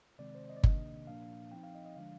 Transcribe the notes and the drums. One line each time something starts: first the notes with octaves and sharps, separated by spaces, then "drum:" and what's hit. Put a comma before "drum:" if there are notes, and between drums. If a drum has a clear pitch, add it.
C3 D#3 G#3 C4 D5
C5
D#5
D5
C3 D#3 A#3 D4 D#5, drum: kick G1
A#2 F3 A#3 D4 F5
F3 C4 D#4 G5
F5
D#5
D#5
D3 F3 G#3 D4 F5